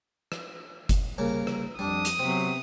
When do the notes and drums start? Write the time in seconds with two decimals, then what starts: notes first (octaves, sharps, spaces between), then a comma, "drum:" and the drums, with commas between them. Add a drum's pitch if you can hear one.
0.32 drum: rim click
0.89 drum: kick F#1, hi-hat
1.18 C2 C#3 A#3 A#4
1.47 drum: rim click
1.79 F2 G3 D4 D#6
2.05 drum: hi-hat
2.19 C3 F#3 B3 C4